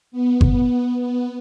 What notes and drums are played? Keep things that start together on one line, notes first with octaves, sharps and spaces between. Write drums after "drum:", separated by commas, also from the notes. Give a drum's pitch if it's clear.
B3
drum: kick G1
B3